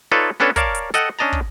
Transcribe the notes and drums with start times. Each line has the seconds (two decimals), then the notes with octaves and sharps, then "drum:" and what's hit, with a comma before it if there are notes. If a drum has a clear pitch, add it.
0.12 D#4 F4 A4 B4 C#5 D5
0.40 B3 C#4 D4 A4 B4 C#5
0.56 A#4 C#5 D5 F5 A5, drum: kick, hi-hat
0.75 drum: hi-hat
0.94 A4 D#5 F#5 G5, drum: hi-hat
1.19 C#4 D4 D#5 A5 A#5
1.32 drum: kick